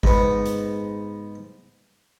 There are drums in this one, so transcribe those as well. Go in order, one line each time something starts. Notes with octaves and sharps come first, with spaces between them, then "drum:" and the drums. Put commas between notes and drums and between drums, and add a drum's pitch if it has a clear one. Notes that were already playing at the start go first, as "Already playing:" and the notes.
G#2 B3, drum: kick G#1
drum: hi-hat